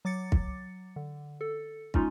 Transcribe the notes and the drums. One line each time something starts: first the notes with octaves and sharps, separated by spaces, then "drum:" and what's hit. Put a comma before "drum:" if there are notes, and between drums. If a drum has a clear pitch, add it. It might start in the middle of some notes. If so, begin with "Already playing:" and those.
F#3 D6 A6 C#7
drum: kick
D3
A4
G#3 C#4 D#4 F4, drum: kick